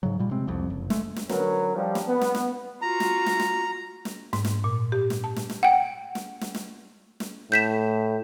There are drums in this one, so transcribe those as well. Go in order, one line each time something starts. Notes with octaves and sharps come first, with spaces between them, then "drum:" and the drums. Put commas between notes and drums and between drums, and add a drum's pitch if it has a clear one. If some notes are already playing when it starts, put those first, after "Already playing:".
G#2 C#3 F#3
A#2 G3
C3 G#3 C4
C2 F2
F#1
G#3 A3, drum: snare
drum: snare
D3 F#3 C#4 A#4 B4, drum: snare
F3 G3
drum: snare
B3
drum: snare
drum: snare
F4 F#4 A#5
drum: snare
drum: snare
drum: snare
drum: snare
G#2, drum: snare
drum: snare
A#2
G4
drum: snare
A5
drum: snare
drum: snare
F#5 G5
drum: snare
drum: snare
drum: snare
drum: snare
A2 G6 B6 E7